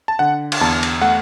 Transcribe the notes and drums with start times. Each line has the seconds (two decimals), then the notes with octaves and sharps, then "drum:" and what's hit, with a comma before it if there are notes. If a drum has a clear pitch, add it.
0.08 A5
0.19 D3 F#5
0.52 drum: cymbal
0.61 E2 A5
0.83 drum: cymbal
1.02 A3 F#5